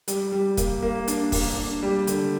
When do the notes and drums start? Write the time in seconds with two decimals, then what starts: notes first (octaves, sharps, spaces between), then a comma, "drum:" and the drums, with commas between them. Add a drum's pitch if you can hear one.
0.08 G3, drum: hi-hat
0.32 G3
0.57 A#3, drum: kick, hi-hat
0.83 A#3
1.08 D4, drum: hi-hat
1.32 A#3, drum: kick, open hi-hat
1.57 D4
1.83 G3
2.07 D3, drum: hi-hat